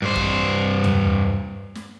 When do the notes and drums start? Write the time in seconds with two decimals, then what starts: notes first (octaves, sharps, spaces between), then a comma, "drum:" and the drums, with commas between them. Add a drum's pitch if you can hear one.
0.02 G2 C5
0.16 drum: kick
0.84 drum: tom
1.75 drum: snare